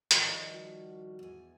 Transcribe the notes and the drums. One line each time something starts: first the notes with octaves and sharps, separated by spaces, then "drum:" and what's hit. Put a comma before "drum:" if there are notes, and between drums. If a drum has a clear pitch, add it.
D#3 F3 G3, drum: hi-hat
F#4
E2 G#5